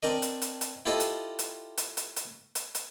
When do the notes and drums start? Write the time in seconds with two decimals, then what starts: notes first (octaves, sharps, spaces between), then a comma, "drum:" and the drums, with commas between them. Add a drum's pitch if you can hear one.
0.03 C4 D4 A#4 D#5
0.22 drum: hi-hat
0.42 drum: hi-hat
0.61 drum: hi-hat
0.86 E4 F4 G4 A4 C5 D#5
1.00 drum: hi-hat
1.39 drum: hi-hat
1.77 drum: hi-hat
1.97 drum: hi-hat
2.16 drum: hi-hat
2.55 drum: hi-hat
2.75 drum: hi-hat